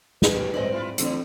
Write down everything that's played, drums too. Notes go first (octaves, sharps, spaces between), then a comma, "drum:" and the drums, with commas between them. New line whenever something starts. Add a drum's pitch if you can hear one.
B4, drum: snare
D#2 A3 A#3 C#4 G4
F2 G#2 G#3 C4 D5 D#5
E4 F4 B4
D2 A2 D3 E3 C4 D4, drum: hi-hat